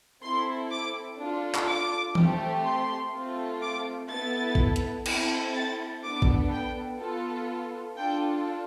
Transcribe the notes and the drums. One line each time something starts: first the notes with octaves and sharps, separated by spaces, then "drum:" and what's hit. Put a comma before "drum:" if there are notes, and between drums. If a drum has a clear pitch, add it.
C4 E4 A4 C6
D6
D4 F4 A4
drum: clap
D6
A3 C4 G4, drum: tom E3
C6
A3 C4 F4 A4
D6
B3 E4 A4 A6
drum: kick A1
drum: hi-hat
C4 E4 A4, drum: cymbal
A6
B3 D4 A4 D6
drum: kick A1
G5
B3 F4 A4
D4 F4 A4 G5